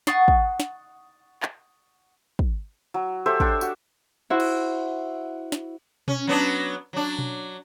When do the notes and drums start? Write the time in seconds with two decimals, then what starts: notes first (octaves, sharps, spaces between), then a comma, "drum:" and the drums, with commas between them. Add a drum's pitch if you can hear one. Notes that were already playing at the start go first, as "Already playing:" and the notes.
0.07 F#5 C#6 D#6 A6 C7, drum: snare
0.28 drum: kick
0.60 drum: snare
1.43 drum: clap
2.39 drum: kick
2.94 F#3
3.26 G4 A4 C5 E5
3.40 D4 C#5 G5, drum: kick
3.61 F#4, drum: tambourine
4.30 E4 F#4 C5
4.40 drum: cymbal
5.52 drum: snare
6.08 C#4, drum: tom B2
6.27 F#3 B3 D4
6.93 F#3 D4
7.19 drum: tom B2